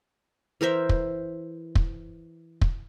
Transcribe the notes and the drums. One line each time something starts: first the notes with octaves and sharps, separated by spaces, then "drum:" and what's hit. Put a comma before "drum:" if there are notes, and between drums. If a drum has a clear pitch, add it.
E3 A#4 C5 E5
drum: kick
drum: kick
drum: kick